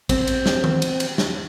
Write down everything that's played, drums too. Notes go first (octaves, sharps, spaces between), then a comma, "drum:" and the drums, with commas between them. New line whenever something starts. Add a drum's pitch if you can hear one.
C4, drum: kick, cymbal
drum: cymbal
drum: snare
drum: tom D#3
drum: cymbal
drum: cymbal
drum: snare